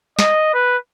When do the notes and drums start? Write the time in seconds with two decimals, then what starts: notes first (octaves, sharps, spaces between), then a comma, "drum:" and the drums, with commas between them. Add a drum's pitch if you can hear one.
0.19 D#5, drum: snare
0.54 B4